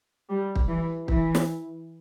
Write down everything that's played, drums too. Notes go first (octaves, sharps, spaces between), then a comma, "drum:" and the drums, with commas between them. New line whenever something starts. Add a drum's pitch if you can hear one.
G3
drum: kick
E3
E3, drum: kick
drum: snare